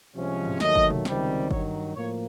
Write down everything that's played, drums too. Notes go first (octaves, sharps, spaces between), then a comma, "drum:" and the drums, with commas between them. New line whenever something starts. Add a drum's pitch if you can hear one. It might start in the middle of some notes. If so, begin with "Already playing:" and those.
C2 C3 F3 G#3 C#4
drum: tom G2
D#2 D#3 F#3 A3 D#5, drum: snare
drum: kick G1
drum: tom
C#2 C3 D#3 G3 C4, drum: snare
G2 D#3 F#3 C#5, drum: kick G1
A2 F3 A#3 C#5